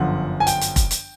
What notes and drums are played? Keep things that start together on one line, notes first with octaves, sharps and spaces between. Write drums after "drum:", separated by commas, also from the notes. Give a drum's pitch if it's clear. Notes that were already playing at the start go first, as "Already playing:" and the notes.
Already playing: G1 F#2 D3 F3 F#5
G#5
G5, drum: hi-hat
drum: hi-hat
drum: kick F1, hi-hat
drum: hi-hat